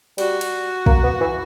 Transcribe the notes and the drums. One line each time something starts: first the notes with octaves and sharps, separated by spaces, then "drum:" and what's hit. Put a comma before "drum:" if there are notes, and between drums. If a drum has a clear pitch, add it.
G3 F#4, drum: cymbal
drum: cymbal
A#3, drum: kick
B3
E3